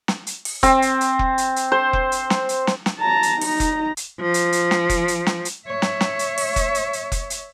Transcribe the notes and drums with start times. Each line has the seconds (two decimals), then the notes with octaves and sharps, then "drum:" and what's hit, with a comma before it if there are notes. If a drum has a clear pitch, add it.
0.08 drum: snare
0.27 drum: hi-hat
0.45 drum: open hi-hat
0.63 C4, drum: kick F1, hi-hat
0.82 drum: hi-hat
1.01 drum: hi-hat
1.19 drum: kick F1
1.38 drum: hi-hat
1.56 drum: hi-hat
1.72 C5
1.93 drum: kick F1
2.12 drum: hi-hat
2.30 drum: snare
2.49 drum: hi-hat
2.67 drum: snare
2.86 drum: snare
3.00 A5 A#5
3.23 drum: hi-hat
3.41 D#4 A#5, drum: open hi-hat
3.60 drum: kick F1, hi-hat
3.97 drum: hi-hat
4.20 F3
4.34 drum: hi-hat
4.52 drum: hi-hat
4.71 drum: snare
4.89 drum: kick F1, hi-hat
5.08 drum: hi-hat
5.27 drum: snare
5.45 drum: hi-hat
5.67 C#5 E5
5.82 drum: snare
6.01 drum: snare
6.19 drum: hi-hat
6.38 drum: open hi-hat
6.56 drum: kick F1, hi-hat
6.75 drum: hi-hat
6.93 drum: hi-hat
7.12 drum: kick F1, hi-hat
7.30 drum: hi-hat